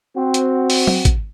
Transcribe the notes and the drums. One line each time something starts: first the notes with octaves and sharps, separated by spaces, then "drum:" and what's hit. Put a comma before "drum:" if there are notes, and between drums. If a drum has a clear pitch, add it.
C4 F#4
drum: hi-hat
drum: open hi-hat
drum: tom F#3
drum: kick, hi-hat